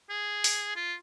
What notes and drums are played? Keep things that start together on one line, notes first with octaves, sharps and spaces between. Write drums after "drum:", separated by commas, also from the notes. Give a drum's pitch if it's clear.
G#4
drum: open hi-hat
F4